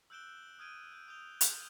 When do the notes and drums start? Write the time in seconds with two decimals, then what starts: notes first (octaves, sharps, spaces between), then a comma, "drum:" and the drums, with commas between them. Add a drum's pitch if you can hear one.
0.10 E6 F#6 G6 D7 E7 G7
0.59 D#6 F6 G6 G#6 D7 D#7
0.94 G6
1.08 D#6 G6 F7 G7
1.41 F6 G6 F#7 G7, drum: hi-hat